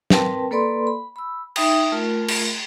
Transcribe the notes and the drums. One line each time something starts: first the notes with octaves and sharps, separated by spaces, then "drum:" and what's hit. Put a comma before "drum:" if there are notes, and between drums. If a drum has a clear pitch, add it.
C4 A#4 B4 G5 A5, drum: snare
A#3 A4 B4 D5 B5 C6
B5
B5 E6
D#4 E5 G5 D#6, drum: cymbal
A3 F4 A#4
drum: cymbal